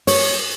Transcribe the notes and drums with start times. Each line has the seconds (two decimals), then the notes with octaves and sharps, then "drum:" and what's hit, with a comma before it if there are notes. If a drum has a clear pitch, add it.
0.07 C#5, drum: open hi-hat